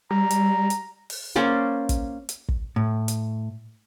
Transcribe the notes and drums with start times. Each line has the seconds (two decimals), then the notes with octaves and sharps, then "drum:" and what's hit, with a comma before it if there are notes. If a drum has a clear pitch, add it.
0.11 G3 A#5
0.30 drum: hi-hat
0.70 drum: hi-hat
1.10 drum: open hi-hat
1.36 A#3 C#4 C5 D5
1.89 drum: kick, hi-hat
2.29 drum: hi-hat
2.49 drum: kick
2.76 A2
3.08 drum: hi-hat